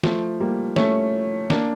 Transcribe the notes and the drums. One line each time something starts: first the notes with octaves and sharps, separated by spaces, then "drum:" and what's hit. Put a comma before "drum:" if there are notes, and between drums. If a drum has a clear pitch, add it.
F3 A3, drum: snare
G3 A#3
A3 C#4, drum: snare
A#3 D4, drum: snare